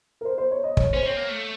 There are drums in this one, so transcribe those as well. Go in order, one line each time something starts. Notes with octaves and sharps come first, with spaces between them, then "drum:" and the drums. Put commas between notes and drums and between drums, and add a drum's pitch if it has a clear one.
A#4
C5
C5
C#5
D#5
C#5, drum: kick
C#4 C5
C4 C#5
A#3
A3